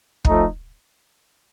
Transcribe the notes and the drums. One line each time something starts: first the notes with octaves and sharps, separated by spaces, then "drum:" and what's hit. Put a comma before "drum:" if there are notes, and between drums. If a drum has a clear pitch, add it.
F3 A3 D#4, drum: kick